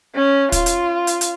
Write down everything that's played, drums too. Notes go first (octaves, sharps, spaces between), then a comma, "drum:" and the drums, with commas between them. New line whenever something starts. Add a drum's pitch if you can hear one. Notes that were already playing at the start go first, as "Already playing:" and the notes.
C#4
F4, drum: kick, hi-hat
drum: hi-hat
drum: hi-hat
drum: hi-hat